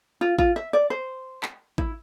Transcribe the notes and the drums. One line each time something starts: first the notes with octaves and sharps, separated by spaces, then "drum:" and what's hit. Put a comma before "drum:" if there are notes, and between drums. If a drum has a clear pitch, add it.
F4
F4, drum: kick A1
E5
D5
C5
drum: clap
E4, drum: kick A1